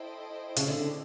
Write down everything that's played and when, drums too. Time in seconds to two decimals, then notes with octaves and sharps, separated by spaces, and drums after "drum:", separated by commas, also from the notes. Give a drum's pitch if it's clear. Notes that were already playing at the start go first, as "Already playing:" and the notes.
Already playing: E4 A4 C5 D#5 G5
0.56 C#3, drum: hi-hat
0.68 D3